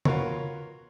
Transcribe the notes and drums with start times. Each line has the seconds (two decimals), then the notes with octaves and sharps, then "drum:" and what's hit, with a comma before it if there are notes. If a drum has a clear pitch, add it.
0.05 F4 F#4 A#4 B4 C#5, drum: tom